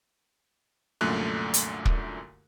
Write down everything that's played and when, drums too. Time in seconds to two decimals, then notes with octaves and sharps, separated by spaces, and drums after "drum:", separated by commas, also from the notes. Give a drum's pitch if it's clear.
1.01 C2 F#2 A#2 D3 A3 F#6
1.54 drum: hi-hat
1.85 drum: kick